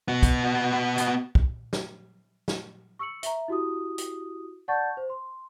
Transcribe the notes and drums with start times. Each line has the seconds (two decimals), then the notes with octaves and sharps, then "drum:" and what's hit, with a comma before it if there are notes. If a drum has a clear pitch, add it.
0.08 B3 F#4
0.23 drum: kick, hi-hat
0.98 drum: hi-hat
1.35 drum: kick
1.73 drum: snare
2.48 drum: snare
2.99 C#6 E6 C#7 F#7
3.23 E5 A#5, drum: hi-hat
3.48 E4 F#4 G4 D#6
3.98 drum: hi-hat
4.68 D5 F#5 A5 C#6 G6 A6
4.97 C5
5.10 C6